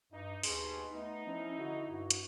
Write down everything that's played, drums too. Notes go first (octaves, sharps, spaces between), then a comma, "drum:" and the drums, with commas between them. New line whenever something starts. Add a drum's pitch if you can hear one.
G2 D#4
D#2 B2 D#4 G#4 C6, drum: open hi-hat
A3 B3 D#4
F3 C#4 E4
D3 F#4
G2 F#4
drum: hi-hat